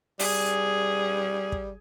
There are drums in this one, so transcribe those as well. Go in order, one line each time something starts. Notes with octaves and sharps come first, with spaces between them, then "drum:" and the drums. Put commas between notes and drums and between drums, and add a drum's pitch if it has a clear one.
G3 G#4, drum: open hi-hat
drum: kick